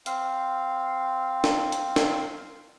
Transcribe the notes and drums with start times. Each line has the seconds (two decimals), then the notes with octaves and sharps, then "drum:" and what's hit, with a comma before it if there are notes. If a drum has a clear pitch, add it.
0.06 C4 F5, drum: hi-hat
1.44 drum: snare
1.72 drum: hi-hat
1.96 drum: snare